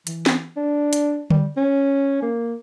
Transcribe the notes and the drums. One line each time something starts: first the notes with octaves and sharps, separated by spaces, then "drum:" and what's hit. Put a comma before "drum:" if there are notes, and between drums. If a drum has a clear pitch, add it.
E3, drum: hi-hat
drum: snare
D4
drum: hi-hat
G3, drum: tom D3
C#4
A#3